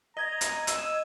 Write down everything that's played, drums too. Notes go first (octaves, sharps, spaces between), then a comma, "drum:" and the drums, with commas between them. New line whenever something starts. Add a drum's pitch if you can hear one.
D#5 A#5 G#6
drum: hi-hat
E6, drum: hi-hat